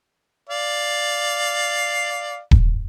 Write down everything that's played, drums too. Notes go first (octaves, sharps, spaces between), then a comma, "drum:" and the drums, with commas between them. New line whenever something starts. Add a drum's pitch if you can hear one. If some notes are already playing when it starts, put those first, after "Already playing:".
D5 F5
drum: kick D#1